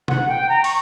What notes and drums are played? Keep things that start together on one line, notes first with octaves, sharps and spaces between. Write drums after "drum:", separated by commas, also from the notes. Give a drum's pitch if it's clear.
F#5, drum: tom
G5
A#5
C#6, drum: open hi-hat